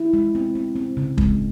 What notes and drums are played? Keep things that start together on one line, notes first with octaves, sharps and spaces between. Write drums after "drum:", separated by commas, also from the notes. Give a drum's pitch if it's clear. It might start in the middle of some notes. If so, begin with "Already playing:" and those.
Already playing: E4
G#3
C4
C4
C4
C#3
G#3, drum: kick